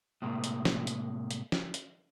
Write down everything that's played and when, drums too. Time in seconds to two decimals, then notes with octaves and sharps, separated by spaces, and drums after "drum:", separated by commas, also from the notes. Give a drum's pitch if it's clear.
0.22 A2 C3 G#3 A#3
0.44 drum: hi-hat
0.65 drum: snare
0.87 drum: hi-hat
1.31 drum: hi-hat
1.52 drum: snare
1.74 drum: hi-hat